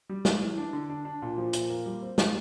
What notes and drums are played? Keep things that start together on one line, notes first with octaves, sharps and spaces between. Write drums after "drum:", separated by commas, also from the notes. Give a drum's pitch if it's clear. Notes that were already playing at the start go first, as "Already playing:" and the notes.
G3
G3, drum: snare
E3
D4
D3
D4
D4
A#2
F3
A#2, drum: hi-hat
A#3
G3
C4
G3, drum: snare